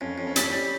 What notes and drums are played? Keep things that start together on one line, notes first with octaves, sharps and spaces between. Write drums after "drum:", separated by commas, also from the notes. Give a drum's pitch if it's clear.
F2 C#4
F2
C#4
G3, drum: hi-hat
G3